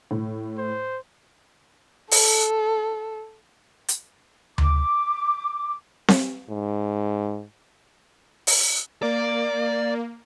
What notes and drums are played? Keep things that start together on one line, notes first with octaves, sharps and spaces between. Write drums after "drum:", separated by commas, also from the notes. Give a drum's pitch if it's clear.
A2
C5
A4, drum: open hi-hat
drum: hi-hat
D6, drum: tom D2
drum: snare C4
G#2
drum: open hi-hat
A#3 D5